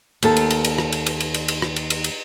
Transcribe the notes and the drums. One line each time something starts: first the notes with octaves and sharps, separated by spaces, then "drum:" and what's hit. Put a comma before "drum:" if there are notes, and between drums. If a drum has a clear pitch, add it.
D#2 A4, drum: cymbal
drum: cymbal
drum: cymbal
drum: cymbal
drum: rim click
drum: cymbal
drum: cymbal
drum: cymbal
drum: cymbal
drum: cymbal
drum: rim click
drum: cymbal
drum: cymbal
drum: cymbal